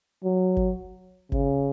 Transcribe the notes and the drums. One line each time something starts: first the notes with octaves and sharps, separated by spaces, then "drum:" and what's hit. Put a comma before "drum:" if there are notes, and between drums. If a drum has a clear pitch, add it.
F#3
drum: kick G1
C#3, drum: kick G1